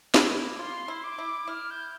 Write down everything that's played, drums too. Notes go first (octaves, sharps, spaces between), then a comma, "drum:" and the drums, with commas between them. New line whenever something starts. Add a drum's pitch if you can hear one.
E4 D6, drum: snare
F4 C6
E4
D6
E4
E4 F6
G6